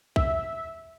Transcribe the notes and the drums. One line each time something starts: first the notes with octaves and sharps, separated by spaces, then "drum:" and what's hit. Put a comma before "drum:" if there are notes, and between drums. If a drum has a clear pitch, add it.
E5, drum: kick